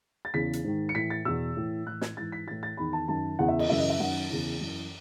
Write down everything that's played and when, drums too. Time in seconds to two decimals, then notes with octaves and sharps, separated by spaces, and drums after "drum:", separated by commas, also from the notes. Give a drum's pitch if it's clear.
0.25 A6
0.34 E2 C#3 E3 B6
0.53 drum: hi-hat
0.64 G#2 D#3
0.89 C#7
0.95 A2 E3 B6
1.10 A6
1.25 E2 B2 E6
1.56 A2 E3
1.86 A2 E3 F#6
2.01 G#6, drum: snare
2.17 G#2 E3 A6
2.32 B6
2.47 A2 E3 A6
2.63 A6
2.77 E2 D#3 B5
2.93 A5
3.08 F#2 D#3 A5
3.39 E2 C#3 E3 F#5
3.48 E5
3.59 D#5, drum: cymbal
3.69 F#2 C#3 E3 E5
3.79 D#5
3.90 E5
4.00 F#2 D#3 F#5
4.30 E2 C#3 E3
4.61 F#2 E3